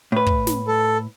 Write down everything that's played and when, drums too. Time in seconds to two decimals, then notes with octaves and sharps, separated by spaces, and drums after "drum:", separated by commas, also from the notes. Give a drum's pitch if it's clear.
0.12 A2 B4
0.26 drum: kick
0.47 drum: snare
0.67 A4